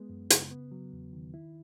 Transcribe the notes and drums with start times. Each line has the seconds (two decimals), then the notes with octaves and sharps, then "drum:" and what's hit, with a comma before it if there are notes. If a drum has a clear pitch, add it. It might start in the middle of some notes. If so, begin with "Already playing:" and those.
Already playing: G#3 B3
0.09 F#2
0.30 C#3, drum: hi-hat
0.51 B3
0.72 F#3
0.93 E2
1.13 D#3
1.34 E4